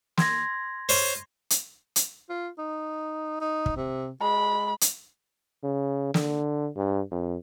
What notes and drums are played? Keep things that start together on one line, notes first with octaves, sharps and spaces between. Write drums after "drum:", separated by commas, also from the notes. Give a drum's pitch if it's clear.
C6 G#6 A#6, drum: snare
C5 C#5, drum: open hi-hat
drum: hi-hat
drum: hi-hat
F4
D#4
D#4
drum: kick
C3
G#3 B5
drum: hi-hat
C#3
D3, drum: snare
G2
F2